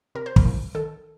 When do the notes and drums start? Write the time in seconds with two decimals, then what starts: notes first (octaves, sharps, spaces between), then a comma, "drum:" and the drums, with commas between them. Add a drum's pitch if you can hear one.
0.15 C3 A#4
0.26 C5
0.36 A#4, drum: kick
0.45 C2
0.75 D#3 A4